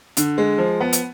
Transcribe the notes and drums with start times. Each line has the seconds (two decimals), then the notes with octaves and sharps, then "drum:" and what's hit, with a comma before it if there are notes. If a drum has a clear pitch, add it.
0.17 D3, drum: hi-hat
0.38 G#3
0.58 F3
0.81 B3
0.93 drum: hi-hat